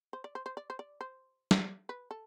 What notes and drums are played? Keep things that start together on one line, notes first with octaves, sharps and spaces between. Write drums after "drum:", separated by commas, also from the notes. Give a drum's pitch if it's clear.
C5
D5
C5
C5
D5
C5
D5
C5
drum: snare
B4
A4